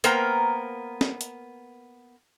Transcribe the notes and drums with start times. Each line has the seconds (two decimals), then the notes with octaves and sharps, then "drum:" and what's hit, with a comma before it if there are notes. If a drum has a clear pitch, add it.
0.04 A#3 B3 A#4 C5 G5 A#5, drum: hi-hat
1.01 drum: snare
1.21 drum: hi-hat